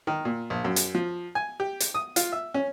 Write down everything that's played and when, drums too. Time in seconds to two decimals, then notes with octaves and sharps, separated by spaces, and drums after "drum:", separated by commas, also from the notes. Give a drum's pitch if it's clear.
0.07 D#3
0.25 A#2
0.50 A#1
0.65 F#2
0.76 drum: hi-hat
0.95 F3
1.35 G#5
1.60 G4
1.80 drum: hi-hat
1.94 D#6
2.16 F4, drum: hi-hat
2.32 E5
2.54 C#4